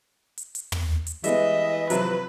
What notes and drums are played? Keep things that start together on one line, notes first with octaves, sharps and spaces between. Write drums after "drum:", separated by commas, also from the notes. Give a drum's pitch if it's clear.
drum: hi-hat
drum: hi-hat
drum: tom
drum: hi-hat
E3 G3 G#3 B3 D#5 E5, drum: hi-hat
C3 F3 F#3 B4, drum: hi-hat